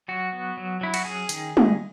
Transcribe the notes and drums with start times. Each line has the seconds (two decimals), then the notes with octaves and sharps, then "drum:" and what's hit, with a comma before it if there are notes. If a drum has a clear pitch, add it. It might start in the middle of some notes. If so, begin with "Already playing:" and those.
0.08 F#3 F#4
0.32 B3
0.57 F#3
0.81 F#3 E4
0.94 F#4, drum: cymbal
1.05 C#4 G#4
1.29 D#3, drum: hi-hat
1.57 drum: tom